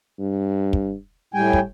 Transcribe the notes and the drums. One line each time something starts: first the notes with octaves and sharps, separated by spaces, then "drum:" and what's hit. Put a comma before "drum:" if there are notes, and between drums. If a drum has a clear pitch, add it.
G2
drum: kick
A2 G3 G5 G#5
drum: kick